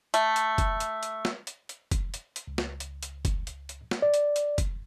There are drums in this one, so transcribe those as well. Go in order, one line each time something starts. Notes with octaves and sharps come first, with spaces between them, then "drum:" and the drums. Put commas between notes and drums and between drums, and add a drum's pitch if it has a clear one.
A3, drum: hi-hat
drum: hi-hat
drum: kick F1, hi-hat
drum: hi-hat
drum: hi-hat
drum: snare
drum: hi-hat
drum: hi-hat
drum: kick F1, hi-hat
drum: hi-hat
drum: hi-hat
C#2
drum: snare
drum: hi-hat
drum: hi-hat
drum: kick F1, hi-hat
drum: hi-hat
drum: hi-hat
drum: snare
D5
drum: hi-hat
drum: hi-hat
drum: kick F1, hi-hat